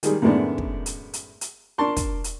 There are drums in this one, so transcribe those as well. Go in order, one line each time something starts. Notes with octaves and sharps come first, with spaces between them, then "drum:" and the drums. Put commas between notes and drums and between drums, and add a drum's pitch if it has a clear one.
D#3 G3 G#3 G#4, drum: hi-hat
F#2 A2 D#3 G#3 B3 D4
drum: kick
drum: hi-hat
drum: hi-hat
drum: hi-hat
D4 A#4 A5 C6 C#6
drum: kick, hi-hat
drum: hi-hat